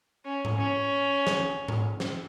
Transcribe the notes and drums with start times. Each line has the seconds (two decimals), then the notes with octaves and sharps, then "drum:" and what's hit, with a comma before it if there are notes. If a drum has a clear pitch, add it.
0.25 C#4
0.45 drum: tom G#2
0.57 C#4
1.27 drum: snare
1.68 drum: tom G#2
2.00 drum: snare